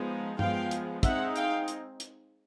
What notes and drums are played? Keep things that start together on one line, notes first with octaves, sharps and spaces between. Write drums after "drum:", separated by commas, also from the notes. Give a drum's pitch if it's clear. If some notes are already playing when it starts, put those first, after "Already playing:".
Already playing: F3 G#3 B3 D#4
F3 G#3 B3 F5 G5, drum: tom G2
drum: hi-hat
G#3 C4 D#4 E5 F#5, drum: kick, hi-hat
F5 G5, drum: hi-hat
drum: hi-hat
drum: hi-hat